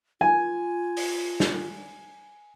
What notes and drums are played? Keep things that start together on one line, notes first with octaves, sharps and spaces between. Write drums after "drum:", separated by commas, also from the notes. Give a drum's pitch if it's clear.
F4 G#5
drum: open hi-hat
drum: snare